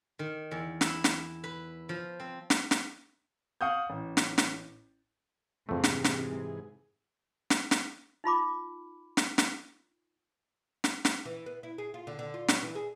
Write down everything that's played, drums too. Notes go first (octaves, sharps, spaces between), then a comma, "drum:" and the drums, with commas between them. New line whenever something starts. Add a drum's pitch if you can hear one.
D#3
E2
E4, drum: snare
drum: snare
B4
F3
C4
drum: snare
drum: snare
F5 F#5 C#6 D#6 F6 G6
A1
drum: snare
drum: snare
F2 G#2 C3 E3 A3 G#4
drum: snare
drum: snare
drum: snare
drum: snare
D#4 F4 B5 D6
drum: snare
drum: snare
drum: snare
drum: snare
E3
B3
E4
G#4
F4
D3
D3
F4
F#3, drum: snare
E3
G#4